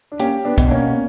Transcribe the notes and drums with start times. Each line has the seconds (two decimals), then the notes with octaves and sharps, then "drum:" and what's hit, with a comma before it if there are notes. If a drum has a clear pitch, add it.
0.12 D4
0.19 A#3 C#4 G4, drum: hi-hat
0.45 B3 D4
0.58 B2, drum: kick, hi-hat
0.65 D4
0.71 A#3 C#4